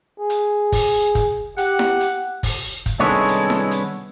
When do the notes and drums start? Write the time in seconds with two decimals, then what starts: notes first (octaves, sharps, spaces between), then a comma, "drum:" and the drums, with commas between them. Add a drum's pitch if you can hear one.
0.20 G#4
0.30 drum: hi-hat
0.72 drum: kick, open hi-hat
1.15 drum: kick, hi-hat
1.58 G4 F#5, drum: hi-hat
1.79 drum: snare E4
2.00 drum: hi-hat
2.43 drum: kick, open hi-hat
2.86 drum: kick, hi-hat
3.00 C2 D#3 G#3 B3 D4 A4 C#5
3.29 drum: hi-hat
3.50 drum: snare E4
3.71 drum: hi-hat